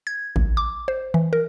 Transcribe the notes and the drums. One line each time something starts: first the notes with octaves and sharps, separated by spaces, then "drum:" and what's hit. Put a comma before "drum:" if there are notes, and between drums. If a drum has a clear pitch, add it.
G#6
A1, drum: kick
D6
C5
E3
A#4